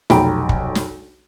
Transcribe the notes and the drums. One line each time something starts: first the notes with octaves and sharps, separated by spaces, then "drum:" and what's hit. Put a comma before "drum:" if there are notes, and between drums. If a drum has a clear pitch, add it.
F1 B1 G5 A#5 B5 D7, drum: snare
drum: kick
drum: snare